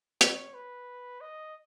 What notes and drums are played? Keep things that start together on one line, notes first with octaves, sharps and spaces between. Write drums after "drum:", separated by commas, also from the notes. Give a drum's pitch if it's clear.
C#5, drum: hi-hat
B4
D#5